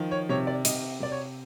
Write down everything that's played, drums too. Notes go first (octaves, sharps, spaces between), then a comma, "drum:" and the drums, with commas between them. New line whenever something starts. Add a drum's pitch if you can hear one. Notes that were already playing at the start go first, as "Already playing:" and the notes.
Already playing: D#3 F3
C#5
C3 C#5
D5
C3 D#5, drum: hi-hat
C3 D5
C#5